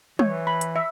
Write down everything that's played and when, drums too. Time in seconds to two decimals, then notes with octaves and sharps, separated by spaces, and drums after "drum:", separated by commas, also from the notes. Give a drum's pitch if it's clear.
0.19 E3 C#5, drum: tom
0.47 B5
0.61 drum: hi-hat
0.76 E5